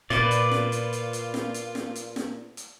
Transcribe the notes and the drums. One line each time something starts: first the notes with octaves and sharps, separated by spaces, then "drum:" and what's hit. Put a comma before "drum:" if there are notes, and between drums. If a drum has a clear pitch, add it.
A#2 F4 B4 D5, drum: snare
drum: hi-hat
drum: snare
drum: hi-hat
drum: hi-hat
drum: hi-hat
drum: snare
drum: hi-hat
drum: snare
drum: hi-hat
drum: snare
drum: hi-hat